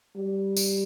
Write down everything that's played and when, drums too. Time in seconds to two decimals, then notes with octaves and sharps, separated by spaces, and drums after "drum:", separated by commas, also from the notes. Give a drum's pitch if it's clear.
0.16 G3
0.57 drum: tambourine